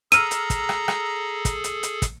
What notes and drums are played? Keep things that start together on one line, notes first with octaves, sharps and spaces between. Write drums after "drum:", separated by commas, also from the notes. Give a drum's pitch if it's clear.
G#4 A4 A#5 E6 F6 D#7, drum: hi-hat
drum: hi-hat
drum: kick, hi-hat
drum: rim click
drum: rim click
drum: kick, hi-hat
drum: hi-hat
drum: hi-hat
drum: kick, hi-hat